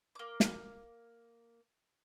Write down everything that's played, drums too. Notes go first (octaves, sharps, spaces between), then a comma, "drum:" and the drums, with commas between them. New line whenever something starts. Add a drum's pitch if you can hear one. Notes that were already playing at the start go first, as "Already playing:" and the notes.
A#3 D6
drum: snare